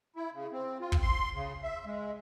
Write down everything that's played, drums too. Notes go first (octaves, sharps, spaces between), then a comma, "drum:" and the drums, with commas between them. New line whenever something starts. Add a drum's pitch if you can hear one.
E4
C#3
C4
F4
drum: kick
C6
C#3
E5
G#3